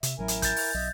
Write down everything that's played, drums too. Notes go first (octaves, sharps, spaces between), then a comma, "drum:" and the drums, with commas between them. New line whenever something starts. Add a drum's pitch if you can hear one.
C3 E5, drum: hi-hat
A1 F#3 E4 A#4 G#5
drum: hi-hat
G6 A6, drum: kick, hi-hat
drum: open hi-hat
B1 D#5 E5